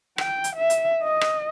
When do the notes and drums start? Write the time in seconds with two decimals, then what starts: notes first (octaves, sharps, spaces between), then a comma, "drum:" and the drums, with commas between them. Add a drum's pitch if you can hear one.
0.18 G5, drum: rim click
0.44 drum: hi-hat
0.56 E5
0.70 drum: hi-hat
1.03 D#5
1.21 drum: rim click